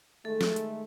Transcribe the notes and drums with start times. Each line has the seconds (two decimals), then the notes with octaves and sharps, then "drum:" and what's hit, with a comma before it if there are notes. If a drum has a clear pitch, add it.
0.25 D#3 G#3 A3 A4
0.41 drum: snare
0.56 drum: hi-hat